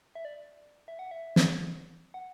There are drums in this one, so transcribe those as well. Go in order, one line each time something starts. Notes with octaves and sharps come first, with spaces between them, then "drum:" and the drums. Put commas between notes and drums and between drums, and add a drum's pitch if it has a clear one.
E5
D5
E5
F#5
E5
drum: snare
F#5